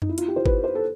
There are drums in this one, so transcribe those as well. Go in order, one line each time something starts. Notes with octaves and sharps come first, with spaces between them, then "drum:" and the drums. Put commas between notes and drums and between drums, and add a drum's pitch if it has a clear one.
D#4, drum: tom F2
E4
F4, drum: hi-hat
G4
C5
B4, drum: kick G1
C5
A4